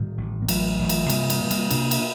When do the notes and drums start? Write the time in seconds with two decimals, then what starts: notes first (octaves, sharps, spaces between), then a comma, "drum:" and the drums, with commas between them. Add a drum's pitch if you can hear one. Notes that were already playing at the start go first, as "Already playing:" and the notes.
Already playing: A2 D#3 G3
0.18 A1
0.42 A#3
0.48 A1 F#3 A3, drum: cymbal
0.79 A1
0.89 drum: cymbal
1.10 C3 G3 A#3, drum: cymbal
1.30 G3 A#3, drum: cymbal
1.40 C3
1.51 G3 A#3, drum: cymbal
1.71 C3 A#3 D4, drum: cymbal
1.91 drum: cymbal